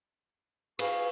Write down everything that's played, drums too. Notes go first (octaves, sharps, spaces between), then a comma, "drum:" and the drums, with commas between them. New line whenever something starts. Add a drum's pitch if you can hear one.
G#4 B4 F5 C#6, drum: cymbal